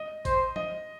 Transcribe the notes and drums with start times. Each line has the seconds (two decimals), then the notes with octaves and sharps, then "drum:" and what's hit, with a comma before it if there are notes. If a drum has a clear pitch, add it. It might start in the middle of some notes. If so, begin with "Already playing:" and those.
Already playing: D#5
0.25 C5, drum: kick, hi-hat
0.56 D#5, drum: tom F3